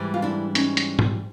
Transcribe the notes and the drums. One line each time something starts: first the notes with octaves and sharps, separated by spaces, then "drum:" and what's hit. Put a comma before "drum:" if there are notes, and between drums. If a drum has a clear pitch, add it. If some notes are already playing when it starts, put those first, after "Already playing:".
Already playing: G#2 E3 G3
F4
D4 E4
C#4 D#4, drum: hi-hat
drum: hi-hat
drum: tom G#2